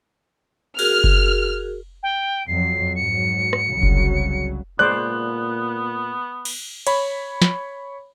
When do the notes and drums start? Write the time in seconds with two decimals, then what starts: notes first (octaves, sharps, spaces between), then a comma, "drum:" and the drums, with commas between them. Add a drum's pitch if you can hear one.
0.79 F#4 G#4 A#4 F6, drum: cymbal
1.04 drum: kick F#1
2.03 G5
2.48 F2 F#3 C7
2.95 G#2 F#3 C#7
3.53 drum: rim click
3.73 C2 C#3 F#3
3.83 drum: kick F#1
4.79 A#2 G#3 B3 C5 D5 F#6
6.45 drum: cymbal
6.87 C#5 B5, drum: cymbal
7.42 drum: snare